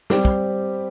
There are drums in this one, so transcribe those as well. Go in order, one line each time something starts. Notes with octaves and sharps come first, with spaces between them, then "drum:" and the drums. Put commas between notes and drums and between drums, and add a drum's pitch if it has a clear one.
G3 C4 G4, drum: snare
drum: kick